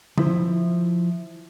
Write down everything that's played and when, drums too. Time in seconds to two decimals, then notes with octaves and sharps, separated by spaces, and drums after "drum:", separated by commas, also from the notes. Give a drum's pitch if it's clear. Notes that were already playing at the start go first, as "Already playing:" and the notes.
0.18 F3 E4 C5, drum: tom